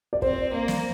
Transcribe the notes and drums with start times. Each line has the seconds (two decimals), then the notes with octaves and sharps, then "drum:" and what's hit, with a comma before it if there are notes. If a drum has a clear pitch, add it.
0.13 D5
0.22 C4 C5, drum: kick
0.54 A#3
0.68 drum: snare